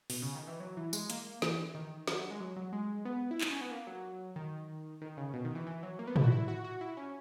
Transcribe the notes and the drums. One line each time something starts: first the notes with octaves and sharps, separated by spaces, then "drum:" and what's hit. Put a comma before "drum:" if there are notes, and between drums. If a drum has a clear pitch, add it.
B2, drum: open hi-hat
C#3
D#3
E3
F#3
E3
G#3, drum: tambourine
A#3, drum: hi-hat
E3, drum: snare
D#3
F#3, drum: snare
G#3
F#3
F#3
G#3
B3
E4
D#4, drum: clap
C#4
B3
A#3
F#3
D#3
D#3
C#3
B2
D#3
E3
E3
F#3
A#3
B3
E4, drum: tom
F#4
E4
F#4
F#4
E4
C#4